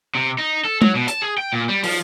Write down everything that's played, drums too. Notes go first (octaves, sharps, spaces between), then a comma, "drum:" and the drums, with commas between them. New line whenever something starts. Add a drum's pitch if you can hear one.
C3
D#4
A4
F#3, drum: tom
B2
A5, drum: hi-hat
G#4
G5
A#2
G3
F3, drum: open hi-hat